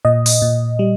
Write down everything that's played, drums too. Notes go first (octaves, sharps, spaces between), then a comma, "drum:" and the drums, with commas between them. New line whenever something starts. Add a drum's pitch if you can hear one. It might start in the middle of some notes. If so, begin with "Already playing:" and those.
A#2 D#5
drum: open hi-hat
A#2
G3